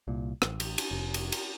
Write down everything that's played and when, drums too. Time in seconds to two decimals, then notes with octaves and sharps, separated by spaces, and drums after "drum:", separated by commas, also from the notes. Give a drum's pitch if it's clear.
0.08 C2 A#2
0.42 A1, drum: rim click
0.60 drum: cymbal
0.78 drum: cymbal
0.91 F1
1.14 drum: cymbal
1.32 drum: cymbal